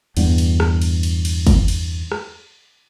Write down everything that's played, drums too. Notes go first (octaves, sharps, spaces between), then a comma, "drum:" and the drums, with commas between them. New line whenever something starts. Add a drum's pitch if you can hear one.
E2 G2 B3, drum: cymbal
drum: cymbal
drum: rim click
drum: cymbal
drum: cymbal
drum: cymbal
drum: kick, cymbal
drum: cymbal
drum: rim click